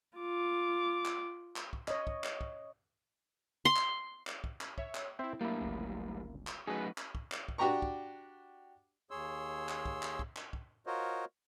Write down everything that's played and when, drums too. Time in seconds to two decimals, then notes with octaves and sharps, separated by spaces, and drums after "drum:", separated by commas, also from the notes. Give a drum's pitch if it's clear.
0.18 F4 D6
1.05 drum: clap
1.56 drum: clap
1.73 drum: kick
1.88 C#5 D#5, drum: clap
2.07 drum: kick
2.24 drum: clap
2.41 drum: kick
3.65 C6
3.76 drum: clap
4.27 drum: clap
4.44 drum: kick
4.61 drum: clap
4.78 C#5 E5, drum: kick
4.95 drum: clap
5.19 C4 E4 C5 E5 G5
5.41 F#2 A2 G3 A#3 D4 E4
5.61 G1 C#2
6.47 drum: clap
6.67 F#3 A3 C#4 D#4 F#4 G#4 B4
6.98 drum: clap
7.15 drum: kick
7.32 drum: clap
7.48 drum: kick
7.58 D4 F#4 G4 G5 A#5 C#6
7.82 drum: kick
9.11 D#2 G#4 C#5 C6 E6
9.69 drum: clap
9.85 drum: kick
10.02 drum: clap
10.19 drum: kick
10.36 drum: clap
10.53 drum: kick
10.87 F4 F#4 A#4 C5 C#5 D#5